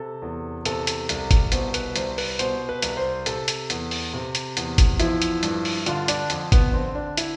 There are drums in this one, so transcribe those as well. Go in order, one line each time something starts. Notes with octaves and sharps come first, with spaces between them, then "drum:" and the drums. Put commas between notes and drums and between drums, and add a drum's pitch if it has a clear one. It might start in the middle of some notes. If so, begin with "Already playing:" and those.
Already playing: C3 A4
E2
C3 A4, drum: hi-hat
drum: hi-hat
C2, drum: hi-hat
drum: kick G1, hi-hat
B2 C5, drum: hi-hat
B4, drum: hi-hat
C2 C5, drum: hi-hat
B4, drum: open hi-hat
B2 C5, drum: hi-hat
B4
C2, drum: hi-hat
C5
C3 A4, drum: hi-hat
drum: hi-hat
E2, drum: hi-hat
drum: open hi-hat
C3
drum: hi-hat
E2, drum: hi-hat
drum: kick G1, hi-hat
F3 E4, drum: hi-hat
drum: hi-hat
G2, drum: hi-hat
drum: open hi-hat
D3 F4, drum: hi-hat
D4, drum: hi-hat
F2, drum: hi-hat
B3, drum: kick G1, hi-hat
D3 C4
D4
E4, drum: hi-hat